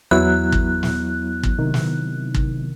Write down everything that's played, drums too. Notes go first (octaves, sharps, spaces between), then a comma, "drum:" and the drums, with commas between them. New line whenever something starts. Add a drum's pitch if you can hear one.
E2 F#3 B3 E4 F#6
drum: kick
drum: snare
drum: kick
C3 D#3
drum: snare
drum: kick